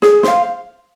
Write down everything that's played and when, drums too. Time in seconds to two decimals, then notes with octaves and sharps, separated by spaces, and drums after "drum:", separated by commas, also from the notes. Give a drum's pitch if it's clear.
0.02 G#4, drum: snare
0.23 C5 F5, drum: snare